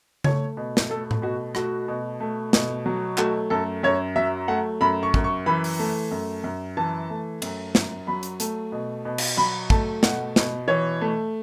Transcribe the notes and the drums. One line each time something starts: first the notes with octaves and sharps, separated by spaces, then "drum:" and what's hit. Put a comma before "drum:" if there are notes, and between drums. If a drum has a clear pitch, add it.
A3 C#5, drum: tom C#3
B2
drum: snare
A3 A4
drum: tom A2
B2 F#4
A3 F#4, drum: rim click
B2
A3
B2, drum: snare
F#3
A3 F#4, drum: clap
F#2 A4
F#2 C#5
F#3 E5
A3 F#5
F#2 B5
C#6
F#2, drum: kick
C#6
E3 B5
drum: open hi-hat
A3
F#2
F#2
E3 A5
A3
F#2, drum: cymbal
F#2, drum: snare
F#3 B5
drum: hi-hat
A3, drum: hi-hat
B2
B2
drum: cymbal
F#3 B5
A3 A5, drum: kick
B2 F#5, drum: snare
B2, drum: snare
E3 C#5
A3